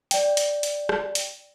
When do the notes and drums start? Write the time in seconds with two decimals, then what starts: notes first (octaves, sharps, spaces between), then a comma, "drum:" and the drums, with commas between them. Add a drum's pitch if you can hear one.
0.11 D5 G5, drum: hi-hat
0.37 drum: hi-hat
0.63 drum: hi-hat
0.89 drum: rim click
1.15 drum: hi-hat